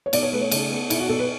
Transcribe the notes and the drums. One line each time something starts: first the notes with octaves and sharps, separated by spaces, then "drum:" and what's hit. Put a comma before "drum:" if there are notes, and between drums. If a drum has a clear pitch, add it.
C#5
B2 D5, drum: cymbal
C#5
A3 B4
C#5
C#3, drum: cymbal
B3
B2 E4, drum: cymbal
F#4
B2 A4
B4